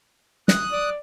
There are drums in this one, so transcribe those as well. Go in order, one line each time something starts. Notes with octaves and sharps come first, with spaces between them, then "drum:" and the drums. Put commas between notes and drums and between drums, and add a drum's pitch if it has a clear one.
D#6 F#6, drum: snare
D5